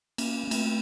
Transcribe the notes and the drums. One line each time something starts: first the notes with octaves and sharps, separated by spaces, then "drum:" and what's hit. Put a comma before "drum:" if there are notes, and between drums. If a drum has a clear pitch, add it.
A#3 C#4, drum: cymbal
A#3
A3 C4, drum: cymbal